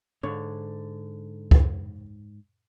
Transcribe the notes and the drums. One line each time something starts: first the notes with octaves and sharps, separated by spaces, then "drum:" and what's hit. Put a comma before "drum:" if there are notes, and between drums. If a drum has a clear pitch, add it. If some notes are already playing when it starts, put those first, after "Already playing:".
G#2 D3 C#5
drum: kick C#2